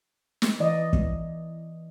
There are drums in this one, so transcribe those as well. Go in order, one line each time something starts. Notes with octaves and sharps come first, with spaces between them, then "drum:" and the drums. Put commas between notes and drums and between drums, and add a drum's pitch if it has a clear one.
drum: snare
E3 D5 D#5
drum: kick